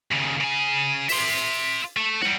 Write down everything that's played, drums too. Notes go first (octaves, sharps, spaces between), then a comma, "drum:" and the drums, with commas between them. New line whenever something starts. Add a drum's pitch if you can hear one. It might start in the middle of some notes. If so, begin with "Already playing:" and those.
D#2 C#3
C#3 G#5
E5 C6, drum: open hi-hat
A3
G3 F#4, drum: snare